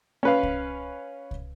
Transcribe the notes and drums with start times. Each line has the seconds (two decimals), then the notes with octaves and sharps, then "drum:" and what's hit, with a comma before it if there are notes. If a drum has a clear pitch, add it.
0.23 C#4 B4 F5
0.43 drum: kick C2
1.31 drum: kick C2